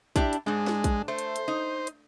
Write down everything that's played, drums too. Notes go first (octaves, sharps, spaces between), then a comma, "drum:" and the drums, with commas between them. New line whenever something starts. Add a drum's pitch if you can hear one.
D4 E4 G4, drum: kick, hi-hat
drum: hi-hat
G#2 G#3 D4
drum: snare
drum: kick, hi-hat
A3 C5
drum: hi-hat
drum: hi-hat
D#4
drum: hi-hat